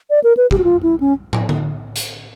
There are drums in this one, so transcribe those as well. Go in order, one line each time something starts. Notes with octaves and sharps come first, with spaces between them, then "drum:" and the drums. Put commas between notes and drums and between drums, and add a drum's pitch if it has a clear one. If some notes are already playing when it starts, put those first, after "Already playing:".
D5
A#4
B4
G4, drum: kick
F#4
F4
E4
C#4
drum: tom
drum: tom
drum: hi-hat